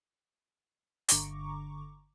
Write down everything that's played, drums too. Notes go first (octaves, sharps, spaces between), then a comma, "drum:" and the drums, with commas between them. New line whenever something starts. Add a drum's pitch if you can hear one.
G1 D3 A#5 C#6 D6, drum: hi-hat